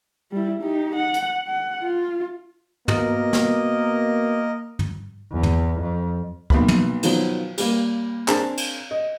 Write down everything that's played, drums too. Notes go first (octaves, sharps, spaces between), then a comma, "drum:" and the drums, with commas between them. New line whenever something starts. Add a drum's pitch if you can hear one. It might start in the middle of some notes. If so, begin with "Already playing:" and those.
G3 E4
D#4 G4
F#5
drum: hi-hat
F#5
F4
B2 A#3 A#4 D#5, drum: tom
drum: snare
drum: tom
E2
drum: tom
F2
B1 B2 A#3 B5, drum: kick
drum: tom
B2 D#3 F3 F#3 B3, drum: cymbal
G3 A#3, drum: cymbal
C4 D4 G#4 A#4 A5, drum: clap
drum: cymbal
D#5